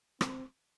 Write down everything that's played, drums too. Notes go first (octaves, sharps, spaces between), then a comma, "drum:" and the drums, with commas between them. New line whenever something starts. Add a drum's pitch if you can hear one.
C4, drum: rim click